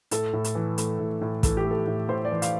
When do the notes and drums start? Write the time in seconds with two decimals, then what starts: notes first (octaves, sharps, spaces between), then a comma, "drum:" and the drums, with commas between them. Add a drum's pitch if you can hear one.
0.11 A2 A4, drum: hi-hat
0.33 A2
0.44 drum: hi-hat
0.55 E3
0.78 A3, drum: hi-hat
0.99 A2
1.21 A2
1.43 E3 A4, drum: kick, hi-hat
1.57 G4
1.65 A3
1.71 A4
1.87 A2
2.09 A2 C5
2.25 D5
2.31 E3
2.42 F5, drum: hi-hat